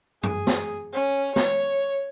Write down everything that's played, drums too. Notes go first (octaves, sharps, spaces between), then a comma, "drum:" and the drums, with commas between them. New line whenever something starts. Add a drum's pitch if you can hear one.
G#4, drum: tom F#2
drum: snare
C#4
C#5, drum: snare